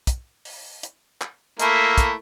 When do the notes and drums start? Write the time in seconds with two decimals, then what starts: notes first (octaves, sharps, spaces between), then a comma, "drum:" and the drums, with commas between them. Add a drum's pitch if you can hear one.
0.07 drum: kick, hi-hat
0.45 drum: open hi-hat
0.83 drum: hi-hat
1.21 drum: clap
1.60 A3 A#3 E4, drum: hi-hat
1.98 drum: kick, hi-hat